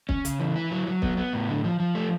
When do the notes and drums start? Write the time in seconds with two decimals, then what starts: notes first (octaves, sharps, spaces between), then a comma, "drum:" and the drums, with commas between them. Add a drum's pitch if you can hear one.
0.09 C#4, drum: kick
0.25 C#3, drum: hi-hat
0.40 E3
0.56 E4
0.71 F#3
0.87 F#3
1.02 B3, drum: kick
1.17 B3
1.33 A2
1.49 D3
1.65 F3
1.80 F3
1.95 A3